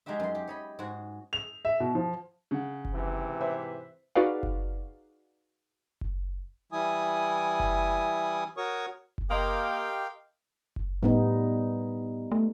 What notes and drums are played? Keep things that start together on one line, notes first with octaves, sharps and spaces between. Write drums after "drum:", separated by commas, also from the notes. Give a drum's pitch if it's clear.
G#3 D#4 F#4 G4 E5
F#2 C6
G4
C#5 D#5 B5
G#2 F#4
F7
E5
B2
F3
C#3 F#5
drum: kick F#1
G#2 C3 E3
B4 C5 E5
D#4 F#4 G#4 B4 D5 F5
drum: kick F#1
drum: kick F#1
E3 G3 E4 G#5 D#6
drum: kick F#1
F#4 A#4 C#5 C#6 D#6
drum: kick F#1
A#3 G4 A#4 D#5 F5 G5 C6 D#6
drum: kick F#1
A2 G3 B3 D#4
A3